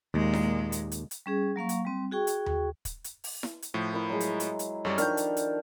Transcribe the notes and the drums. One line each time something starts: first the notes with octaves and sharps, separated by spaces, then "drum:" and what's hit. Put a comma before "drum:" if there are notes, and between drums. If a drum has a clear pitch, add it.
D#2 A#2 G#3
drum: snare E4
drum: hi-hat
drum: hi-hat
drum: hi-hat
G3 C#4 G#4
F#3 A#3 F5 C#6
drum: hi-hat
G3 C4
F#4 G#4 G5 C#6
drum: hi-hat
drum: tom D#2
drum: kick, hi-hat
drum: hi-hat
drum: open hi-hat
drum: snare E4
drum: hi-hat
A2 F3
E4 A#4
F#3 G#3
drum: hi-hat
drum: hi-hat
drum: hi-hat
F#2 G3 A4 C#5 D5 E5
D#3 F3 D4 F6 G6, drum: hi-hat
drum: hi-hat
drum: hi-hat